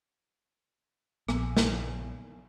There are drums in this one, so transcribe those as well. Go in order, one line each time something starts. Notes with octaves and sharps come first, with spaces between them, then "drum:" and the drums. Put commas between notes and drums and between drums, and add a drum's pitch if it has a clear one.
A#1 B3 G#5, drum: rim click
drum: snare